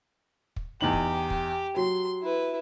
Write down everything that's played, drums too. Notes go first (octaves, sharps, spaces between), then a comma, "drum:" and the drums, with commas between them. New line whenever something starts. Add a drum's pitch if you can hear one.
drum: kick
E2 D#4 G4 F#7
drum: kick
drum: kick
F#3 C6
E4 B4